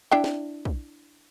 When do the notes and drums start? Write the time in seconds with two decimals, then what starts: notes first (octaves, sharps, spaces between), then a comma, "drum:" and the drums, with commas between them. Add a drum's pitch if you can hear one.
0.11 D4 E4 G5
0.24 drum: snare
0.65 drum: kick